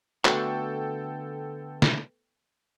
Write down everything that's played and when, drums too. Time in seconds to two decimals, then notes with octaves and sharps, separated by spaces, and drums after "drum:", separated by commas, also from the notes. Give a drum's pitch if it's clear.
0.25 D3 A3 B3 F#4 A4 G5, drum: clap
1.82 drum: snare